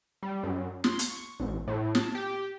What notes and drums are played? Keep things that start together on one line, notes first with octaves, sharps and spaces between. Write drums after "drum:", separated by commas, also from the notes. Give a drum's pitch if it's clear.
G3
F#2
C6, drum: snare
drum: hi-hat
C#6
A1
A2
A5, drum: snare
G4